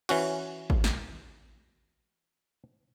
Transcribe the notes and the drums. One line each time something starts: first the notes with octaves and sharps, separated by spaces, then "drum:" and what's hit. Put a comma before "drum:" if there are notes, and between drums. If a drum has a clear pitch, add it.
E3 C#4 F#4, drum: cymbal
drum: kick G#1
drum: snare